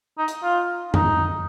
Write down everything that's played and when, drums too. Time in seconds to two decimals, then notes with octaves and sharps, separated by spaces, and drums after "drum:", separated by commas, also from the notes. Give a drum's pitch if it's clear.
0.18 D#4
0.28 drum: hi-hat
0.43 F4
0.94 D#4, drum: tom F2